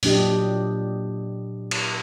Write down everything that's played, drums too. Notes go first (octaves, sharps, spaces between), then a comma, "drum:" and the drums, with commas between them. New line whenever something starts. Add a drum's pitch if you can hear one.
A#2 F#3 D4 G4 D#5, drum: open hi-hat
drum: cymbal